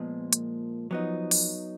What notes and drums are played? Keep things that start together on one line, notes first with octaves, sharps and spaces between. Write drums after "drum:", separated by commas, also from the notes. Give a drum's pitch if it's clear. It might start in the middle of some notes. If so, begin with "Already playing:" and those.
Already playing: A#2 F3 G#3 B3
A#3, drum: hi-hat
F3 F#3 B3 D#4
drum: open hi-hat